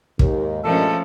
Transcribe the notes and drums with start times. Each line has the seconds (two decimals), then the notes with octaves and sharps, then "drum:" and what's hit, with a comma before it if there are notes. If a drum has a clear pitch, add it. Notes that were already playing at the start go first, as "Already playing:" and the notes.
0.19 D#2 G#2, drum: kick
0.64 G2 A#2 F3 G#3 A3 C#4 A4